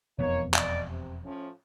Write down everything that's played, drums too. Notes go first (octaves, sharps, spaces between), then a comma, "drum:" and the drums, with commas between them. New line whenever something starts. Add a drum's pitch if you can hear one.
E1 F2 A#3 B3 D#4 C#5
D5 D#5, drum: clap
C3
A2 F3 C#4